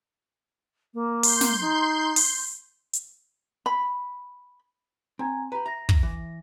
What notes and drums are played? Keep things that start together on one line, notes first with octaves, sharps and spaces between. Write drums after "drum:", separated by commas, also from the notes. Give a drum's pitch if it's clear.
A#3
C6 G6, drum: open hi-hat
drum: snare
D#4
drum: open hi-hat
drum: hi-hat
B5
C4 G#5 A#5 G#6
G4 B4 A#5
E5 A#5 A#6
drum: kick
E3